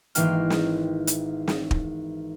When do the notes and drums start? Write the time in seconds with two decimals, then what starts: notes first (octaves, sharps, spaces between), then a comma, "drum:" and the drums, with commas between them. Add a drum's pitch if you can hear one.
0.15 G#1 E3 A#3 D#4 G5 F6, drum: hi-hat
0.50 drum: snare
1.07 drum: hi-hat
1.48 drum: snare
1.71 drum: kick